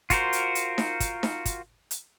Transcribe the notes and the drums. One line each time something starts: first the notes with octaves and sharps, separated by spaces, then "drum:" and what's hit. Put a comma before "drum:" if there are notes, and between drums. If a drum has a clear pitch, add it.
F4 F#4 A#4 C5, drum: kick, hi-hat
drum: hi-hat
drum: hi-hat
drum: snare D#4
drum: kick, hi-hat
drum: snare D#4
drum: kick, hi-hat
drum: hi-hat